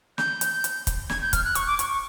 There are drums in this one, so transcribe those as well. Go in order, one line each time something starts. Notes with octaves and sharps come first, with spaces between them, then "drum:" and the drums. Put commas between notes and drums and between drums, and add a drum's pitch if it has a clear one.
G6, drum: snare
drum: hi-hat
drum: hi-hat
drum: kick, hi-hat
G#6, drum: snare
G6
F6, drum: kick, hi-hat
F#6
C#6, drum: hi-hat
D6
C#6, drum: hi-hat
C#6